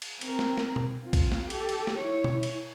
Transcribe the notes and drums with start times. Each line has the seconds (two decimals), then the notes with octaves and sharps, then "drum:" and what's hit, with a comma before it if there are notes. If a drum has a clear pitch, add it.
0.02 drum: cymbal
0.21 C4 A#4, drum: cymbal
0.39 drum: snare
0.58 drum: snare
0.76 drum: tom B2
1.01 C4 F4
1.13 drum: kick, cymbal
1.32 drum: snare
1.50 G4 A4, drum: cymbal
1.69 drum: cymbal
1.87 drum: snare
1.99 E4 C#5
2.24 drum: tom B2
2.43 drum: cymbal